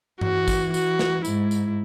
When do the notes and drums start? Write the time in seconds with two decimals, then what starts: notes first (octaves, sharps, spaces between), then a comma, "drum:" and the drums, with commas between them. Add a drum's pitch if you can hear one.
0.21 E3 F#4, drum: tom G2
0.48 drum: kick G#1, tambourine
0.74 F#4, drum: tambourine
0.99 drum: snare
1.25 G#2 E4, drum: tambourine
1.51 drum: tambourine